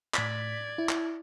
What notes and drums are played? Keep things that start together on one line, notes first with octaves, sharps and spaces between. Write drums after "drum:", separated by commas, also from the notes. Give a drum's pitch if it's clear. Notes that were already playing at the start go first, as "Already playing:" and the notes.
A2 D5 G#6 B6, drum: clap
E4
drum: clap